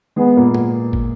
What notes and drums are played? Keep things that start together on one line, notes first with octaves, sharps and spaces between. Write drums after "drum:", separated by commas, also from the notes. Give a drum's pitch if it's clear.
G#3 B3 G#4
A#2 A#3
drum: tom
drum: kick